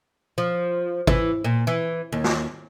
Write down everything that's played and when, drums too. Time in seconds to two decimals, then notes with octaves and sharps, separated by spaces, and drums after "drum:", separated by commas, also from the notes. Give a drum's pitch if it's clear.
0.38 F3
1.07 E3, drum: kick G#1
1.44 A#2
1.67 E3
2.12 D#2
2.24 drum: snare